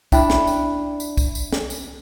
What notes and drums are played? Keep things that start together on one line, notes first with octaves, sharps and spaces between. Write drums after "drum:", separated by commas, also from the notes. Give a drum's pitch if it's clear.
D4 E4 G5 B5, drum: kick, tambourine
drum: snare
drum: tambourine
drum: tambourine
drum: kick, tambourine
drum: tambourine
drum: snare
drum: tambourine